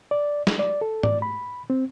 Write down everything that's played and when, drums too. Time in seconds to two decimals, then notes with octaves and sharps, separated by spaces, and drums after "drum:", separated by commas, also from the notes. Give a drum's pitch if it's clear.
0.11 D5
0.47 drum: snare
0.59 D5
0.81 A4
1.03 D5, drum: tom G#2
1.22 B5
1.70 C4